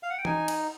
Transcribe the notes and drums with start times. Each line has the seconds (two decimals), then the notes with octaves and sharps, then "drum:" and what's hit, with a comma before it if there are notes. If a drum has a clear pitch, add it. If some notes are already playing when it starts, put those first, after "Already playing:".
0.03 F5
0.10 F#5
0.18 G5
0.25 D#4 G#5, drum: tom E3
0.48 drum: cymbal